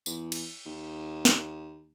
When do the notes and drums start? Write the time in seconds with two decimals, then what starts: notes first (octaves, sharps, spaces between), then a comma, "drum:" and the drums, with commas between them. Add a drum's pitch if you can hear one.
0.06 E2, drum: tambourine
0.32 drum: cymbal
0.66 D#2
1.25 drum: snare